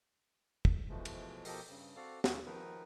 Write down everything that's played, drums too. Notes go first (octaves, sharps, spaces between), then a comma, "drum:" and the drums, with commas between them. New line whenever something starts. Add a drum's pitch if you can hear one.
drum: kick
B2 E3 F3 G#3 A3
drum: cymbal
B2 F3 G4 A4 A#4 D#5, drum: open hi-hat
G2 C#3
C4 F#4 A4 D5 F5
D#2 C3 A#3 C#4 F4 E6, drum: snare
D#3 F3 D#4 A#4 B4